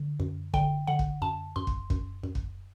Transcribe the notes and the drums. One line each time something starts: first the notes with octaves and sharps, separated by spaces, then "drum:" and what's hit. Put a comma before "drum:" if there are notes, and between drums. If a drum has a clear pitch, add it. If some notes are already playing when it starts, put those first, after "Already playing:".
Already playing: D3
F#2
D3 G5, drum: kick
D3 F#5
drum: kick
F#2 A5
F#2 C6
drum: kick
F#2, drum: kick
F#2
drum: kick